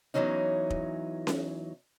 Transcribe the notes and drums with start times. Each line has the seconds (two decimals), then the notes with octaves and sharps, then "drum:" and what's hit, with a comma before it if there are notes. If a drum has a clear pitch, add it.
0.14 E2 B2 E3 F#3 C#4 D#4
0.70 drum: kick
1.27 drum: snare C#4